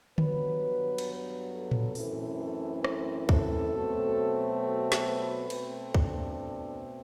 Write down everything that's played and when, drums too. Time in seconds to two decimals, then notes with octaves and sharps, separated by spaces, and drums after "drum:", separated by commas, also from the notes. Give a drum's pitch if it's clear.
0.18 G2 F#3 B3 B4, drum: tom D3
0.98 drum: cymbal
1.51 A4
1.71 drum: tom A2
1.95 F#2 E3 A3 C4, drum: open hi-hat
2.40 A4
2.84 C5, drum: rim click
3.29 A4, drum: kick
3.73 B2 F#3 A3 C4
4.92 drum: snare
5.06 B4
5.50 B2 A3 C4, drum: cymbal
5.94 D4, drum: kick